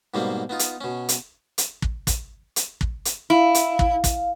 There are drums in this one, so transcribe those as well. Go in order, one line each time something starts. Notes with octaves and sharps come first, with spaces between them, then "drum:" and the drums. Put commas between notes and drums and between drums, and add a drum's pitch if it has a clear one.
G#2 B2 G3 A#3 C4
B3 D#4 F4
drum: hi-hat
B2 C#4
drum: hi-hat
drum: hi-hat
drum: kick
drum: kick, hi-hat
drum: hi-hat
drum: kick
drum: hi-hat
E4 F5
drum: hi-hat
drum: kick
drum: kick, hi-hat